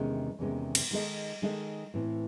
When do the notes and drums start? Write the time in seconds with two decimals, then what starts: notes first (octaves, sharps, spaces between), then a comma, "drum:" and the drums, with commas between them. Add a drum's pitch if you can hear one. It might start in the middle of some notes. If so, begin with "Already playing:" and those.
Already playing: E2 C3 D#3 G#3 C#4
0.39 E2 C3 D#3 G#3 C#4
0.75 drum: cymbal
0.91 D#3 G#3 D#4 A4 D#5
1.42 D#3 G#3 D#4 A4 D#5
1.94 A2 E3 C4